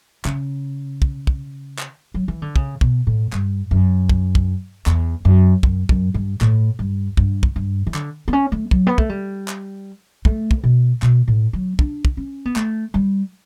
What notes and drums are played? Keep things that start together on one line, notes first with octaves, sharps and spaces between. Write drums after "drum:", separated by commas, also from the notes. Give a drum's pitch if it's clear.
C#3, drum: clap
drum: kick
drum: kick
drum: clap
F#3
E3
D3
C#3, drum: kick
B2, drum: kick
A2
G2, drum: clap
F#2
drum: kick
drum: kick
E2, drum: clap
F#2
F#2, drum: kick
F#2, drum: kick
G2
A2, drum: clap
G2
G2, drum: kick
drum: kick
G2
E3
D3, drum: clap
B3
C#4
A3
F#3, drum: kick
B3
A3, drum: kick
G3
drum: clap
A3, drum: kick
drum: kick
B2
B2, drum: clap
A2
F#3
D4, drum: kick
drum: kick
C#4
B3
A3, drum: clap
G3